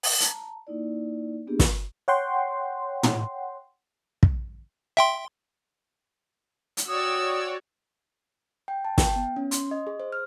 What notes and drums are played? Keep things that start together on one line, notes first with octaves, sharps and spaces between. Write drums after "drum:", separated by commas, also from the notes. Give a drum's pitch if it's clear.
drum: open hi-hat
A5 A#5, drum: hi-hat
A#3 D#4 E4 D5
A#3 B3 D4 E4 G4 G#4
drum: snare
C#5 F#5 G5 C6
drum: tom
drum: kick
E5 G5 C6
drum: hi-hat
F#4 C#5 D5 G5 D#6 E6
G5
A5
G5, drum: snare
B3
C#4
C6, drum: hi-hat
D#5
G#4
C5
F6